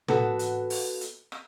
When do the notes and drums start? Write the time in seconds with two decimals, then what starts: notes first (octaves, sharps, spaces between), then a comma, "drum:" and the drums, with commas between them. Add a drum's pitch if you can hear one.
0.08 B3 F#4 A4, drum: tom
0.39 drum: hi-hat
0.70 drum: open hi-hat
1.01 drum: hi-hat
1.32 drum: rim click